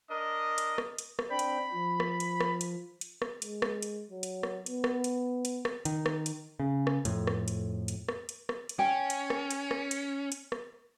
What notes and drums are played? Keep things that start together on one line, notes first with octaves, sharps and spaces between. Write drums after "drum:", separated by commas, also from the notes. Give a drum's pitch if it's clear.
D4 A#4 D#5
drum: hi-hat
drum: rim click
drum: hi-hat
drum: rim click
C4 D4 G5 B5
drum: hi-hat
F3
drum: rim click
drum: hi-hat
drum: rim click
drum: hi-hat
drum: hi-hat
drum: rim click
G#3, drum: hi-hat
drum: rim click
drum: hi-hat
F#3
drum: hi-hat
drum: rim click
B3, drum: hi-hat
drum: rim click
drum: hi-hat
drum: hi-hat
drum: rim click
D#3, drum: hi-hat
drum: rim click
drum: hi-hat
C#3
drum: rim click
F2 A2, drum: hi-hat
drum: rim click
drum: hi-hat
drum: hi-hat
drum: rim click
drum: hi-hat
drum: rim click
drum: hi-hat
C#4 G5
drum: hi-hat
drum: rim click
drum: hi-hat
drum: rim click
drum: hi-hat
drum: hi-hat
drum: rim click